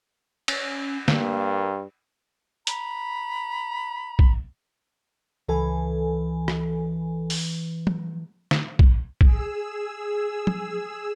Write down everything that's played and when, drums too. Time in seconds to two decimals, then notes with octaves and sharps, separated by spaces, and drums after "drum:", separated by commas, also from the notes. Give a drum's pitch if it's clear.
0.48 C#4, drum: cymbal
1.08 G2 A#3, drum: snare
2.67 A#5 B5, drum: hi-hat
4.19 drum: kick
5.48 C#2 E3 A4 G#5
6.48 drum: rim click
7.30 drum: open hi-hat
7.87 drum: tom
8.51 drum: snare
8.79 drum: kick
9.21 G#4 E6, drum: kick
10.47 drum: tom